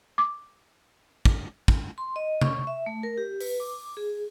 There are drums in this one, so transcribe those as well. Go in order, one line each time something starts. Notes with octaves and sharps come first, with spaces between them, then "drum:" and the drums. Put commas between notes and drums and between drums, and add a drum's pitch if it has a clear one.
D6
drum: kick
drum: kick
C6
D#5
C#6, drum: tom C3
E5
A3
A#4
G4
B4, drum: open hi-hat
D6
G#4